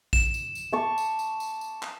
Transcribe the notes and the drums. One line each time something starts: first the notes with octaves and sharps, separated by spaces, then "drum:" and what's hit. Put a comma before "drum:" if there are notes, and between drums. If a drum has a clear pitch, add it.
E7, drum: kick A1, tambourine
drum: tambourine
drum: tambourine
A5 C#6 D6
drum: tambourine
drum: tambourine
drum: tambourine
drum: tambourine
drum: clap